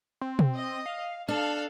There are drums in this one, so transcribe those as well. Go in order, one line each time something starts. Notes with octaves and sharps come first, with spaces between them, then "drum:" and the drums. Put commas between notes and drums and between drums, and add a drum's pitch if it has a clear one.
C4
drum: tom
D#5
F5
D4 A4 F5 F6